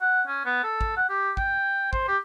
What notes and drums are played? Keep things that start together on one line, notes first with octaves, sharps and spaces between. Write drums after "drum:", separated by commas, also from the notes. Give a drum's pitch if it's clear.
F#5
C#4
B3
A4
drum: kick
F#5
G4
G5, drum: kick
C5, drum: kick
G4